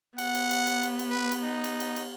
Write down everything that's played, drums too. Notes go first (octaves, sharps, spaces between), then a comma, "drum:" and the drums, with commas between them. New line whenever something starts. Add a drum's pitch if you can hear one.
B3 F#5, drum: cymbal
drum: cymbal
drum: cymbal
drum: cymbal
drum: cymbal
drum: cymbal
B4
drum: cymbal
D#4
drum: cymbal
drum: cymbal
drum: cymbal